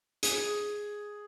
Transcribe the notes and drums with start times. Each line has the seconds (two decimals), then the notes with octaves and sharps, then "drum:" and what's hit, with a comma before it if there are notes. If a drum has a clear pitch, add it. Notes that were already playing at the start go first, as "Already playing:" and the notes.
0.23 G#4, drum: hi-hat